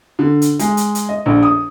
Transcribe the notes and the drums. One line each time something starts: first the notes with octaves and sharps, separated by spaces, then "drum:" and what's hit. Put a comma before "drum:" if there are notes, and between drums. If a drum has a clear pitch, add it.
D3
drum: hi-hat
G#3, drum: hi-hat
drum: hi-hat
drum: hi-hat
D#5
A#1
D#6